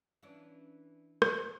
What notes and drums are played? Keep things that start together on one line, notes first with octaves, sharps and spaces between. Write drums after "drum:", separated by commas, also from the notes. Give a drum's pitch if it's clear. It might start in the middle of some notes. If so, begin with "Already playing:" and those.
E3 C#4 D4
drum: rim click